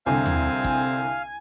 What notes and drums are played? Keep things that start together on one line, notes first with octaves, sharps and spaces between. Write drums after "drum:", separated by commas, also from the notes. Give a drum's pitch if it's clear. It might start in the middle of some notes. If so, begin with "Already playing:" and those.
C2 D3 C4 F5 G#5
drum: tom
drum: kick